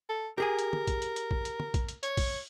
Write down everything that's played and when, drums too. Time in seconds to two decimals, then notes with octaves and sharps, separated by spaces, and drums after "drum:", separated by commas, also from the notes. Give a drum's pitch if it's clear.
0.09 A4
0.38 G4 G#4 A#4 G#5
0.59 drum: hi-hat
0.73 drum: tom
0.87 drum: kick A#1, hi-hat
1.02 drum: hi-hat
1.16 drum: hi-hat
1.31 drum: kick A#1
1.45 drum: hi-hat
1.60 drum: tom
1.74 drum: kick A#1, hi-hat
1.89 drum: hi-hat
2.03 C#5, drum: hi-hat
2.17 drum: kick A#1, open hi-hat